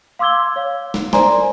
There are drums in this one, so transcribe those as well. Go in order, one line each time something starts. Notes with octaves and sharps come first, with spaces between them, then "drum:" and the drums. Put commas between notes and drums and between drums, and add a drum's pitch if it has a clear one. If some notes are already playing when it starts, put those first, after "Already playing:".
F5 C6 D6 E6 G#6 G7
C#5 F5
drum: snare
A#4 C5 D5 G#5 A#5 C6, drum: snare